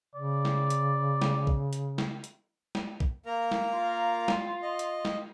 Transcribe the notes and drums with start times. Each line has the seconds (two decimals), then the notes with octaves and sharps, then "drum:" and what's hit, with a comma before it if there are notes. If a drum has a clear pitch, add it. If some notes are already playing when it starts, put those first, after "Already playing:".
0.15 C#3 D5
0.45 drum: snare
0.70 drum: hi-hat
1.22 drum: snare
1.47 drum: kick A#1
1.73 drum: hi-hat
1.98 drum: snare
2.24 drum: hi-hat
2.75 drum: snare
3.00 drum: kick A#1
3.26 A#3 A#4 A#5
3.52 drum: snare
3.73 F4
4.28 drum: snare
4.62 D#5
4.79 drum: hi-hat
5.05 drum: snare